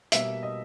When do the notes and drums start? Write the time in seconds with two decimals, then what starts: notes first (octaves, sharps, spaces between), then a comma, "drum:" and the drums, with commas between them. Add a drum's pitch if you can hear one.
0.12 B2 G3 A#3 E5, drum: hi-hat
0.43 D#5